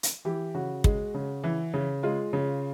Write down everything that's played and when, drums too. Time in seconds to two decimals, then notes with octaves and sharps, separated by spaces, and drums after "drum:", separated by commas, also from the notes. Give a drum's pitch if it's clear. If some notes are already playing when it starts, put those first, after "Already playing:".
0.03 drum: hi-hat
0.25 E3 G4
0.54 C#3 F#4
0.84 G#3, drum: kick
1.14 C#3
1.44 E3
1.74 C#3
2.03 G#3 F4
2.33 C#3